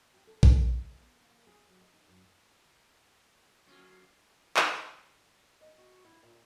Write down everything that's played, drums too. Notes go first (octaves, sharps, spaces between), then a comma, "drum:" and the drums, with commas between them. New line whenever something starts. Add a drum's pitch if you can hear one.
G4
A4
F#4, drum: kick A#1
B3
G#2
B3
A#3
G#4
F#3
D#5
D#4
F#2
D3 F#3 A#3 C#4 F4
drum: clap
D#5
F#4
E4
A#2